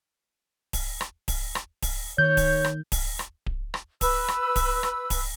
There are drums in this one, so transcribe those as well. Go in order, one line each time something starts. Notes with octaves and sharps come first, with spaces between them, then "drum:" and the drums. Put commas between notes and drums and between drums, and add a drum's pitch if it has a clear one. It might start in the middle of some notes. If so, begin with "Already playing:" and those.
drum: kick D1, open hi-hat
drum: rim click
drum: kick D1, open hi-hat
drum: rim click
drum: kick D1, open hi-hat
D#3 C#5 G6
drum: kick D1, open hi-hat
drum: rim click
drum: kick D1, open hi-hat
drum: rim click
drum: kick D1
drum: rim click
B4 E6, drum: kick D1, open hi-hat
drum: rim click
drum: kick D1, open hi-hat
drum: rim click
drum: kick D1, open hi-hat